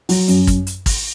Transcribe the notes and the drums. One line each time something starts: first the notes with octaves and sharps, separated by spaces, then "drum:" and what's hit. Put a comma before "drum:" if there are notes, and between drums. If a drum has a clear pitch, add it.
F#3, drum: open hi-hat
F#2, drum: hi-hat
drum: kick, hi-hat
drum: hi-hat
drum: kick, open hi-hat